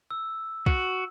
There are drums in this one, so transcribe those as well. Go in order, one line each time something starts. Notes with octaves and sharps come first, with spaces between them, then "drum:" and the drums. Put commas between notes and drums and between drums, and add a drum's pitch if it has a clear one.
E6
F#4, drum: kick